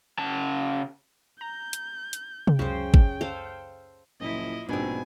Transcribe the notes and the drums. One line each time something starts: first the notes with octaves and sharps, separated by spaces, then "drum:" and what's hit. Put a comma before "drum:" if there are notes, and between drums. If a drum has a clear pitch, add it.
C#3 A5
A#5 G6
drum: hi-hat
drum: hi-hat
drum: tom C3
C#2 F#2 C#3 C5 G5
drum: kick
A4 C5 F5
F#1 A#2 F3 E4 D#5
A#1 G#2 B2 C4 D4 G#5